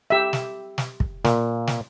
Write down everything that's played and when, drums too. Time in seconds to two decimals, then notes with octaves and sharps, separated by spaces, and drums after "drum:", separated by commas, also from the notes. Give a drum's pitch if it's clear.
0.10 G4 E5
0.33 drum: snare
0.78 drum: snare
1.00 drum: kick
1.25 A#2, drum: snare
1.67 drum: snare